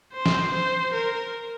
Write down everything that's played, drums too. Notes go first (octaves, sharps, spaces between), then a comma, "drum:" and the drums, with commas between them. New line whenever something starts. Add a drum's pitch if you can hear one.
C5
drum: snare
C5
A#4